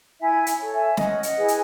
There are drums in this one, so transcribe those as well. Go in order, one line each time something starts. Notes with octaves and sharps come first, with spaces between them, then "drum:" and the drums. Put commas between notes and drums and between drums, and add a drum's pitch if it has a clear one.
E4 E5 G#5
drum: hi-hat
A4 C#5
E5 G#5
C#4 D#5 F#5, drum: snare
D#5 F#5, drum: hi-hat
E4 G#4 B4
G#5, drum: hi-hat